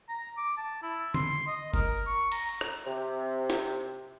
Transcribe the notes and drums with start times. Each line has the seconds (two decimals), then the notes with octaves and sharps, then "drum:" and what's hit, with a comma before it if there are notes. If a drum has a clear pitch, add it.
0.09 A#5
0.37 D6
0.57 A5
0.83 E4
1.14 C6, drum: tom D3
1.47 D#5
1.74 A#4, drum: kick F#1
2.07 C#6
2.32 A#5, drum: cymbal
2.61 drum: rim click
2.86 C3
3.50 drum: snare